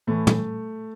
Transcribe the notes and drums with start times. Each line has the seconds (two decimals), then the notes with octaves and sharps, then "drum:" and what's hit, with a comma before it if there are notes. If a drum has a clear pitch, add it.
0.07 A2 E3 A3
0.27 A3, drum: tom